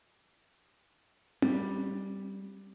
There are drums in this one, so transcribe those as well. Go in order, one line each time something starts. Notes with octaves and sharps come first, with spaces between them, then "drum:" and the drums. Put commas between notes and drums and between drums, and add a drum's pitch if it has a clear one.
G3, drum: tom C4